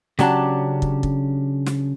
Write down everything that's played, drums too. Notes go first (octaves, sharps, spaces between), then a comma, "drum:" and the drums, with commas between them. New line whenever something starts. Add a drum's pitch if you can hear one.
C#3 F#3 C#4 D4 G4 A5, drum: snare
drum: kick
drum: kick
drum: snare